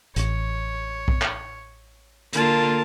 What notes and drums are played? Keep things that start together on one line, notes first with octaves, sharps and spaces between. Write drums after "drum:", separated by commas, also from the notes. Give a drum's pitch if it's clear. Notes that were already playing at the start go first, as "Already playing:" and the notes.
A1 C#5, drum: hi-hat
drum: kick
drum: clap
D3 A#3 F4 A#4 A5, drum: hi-hat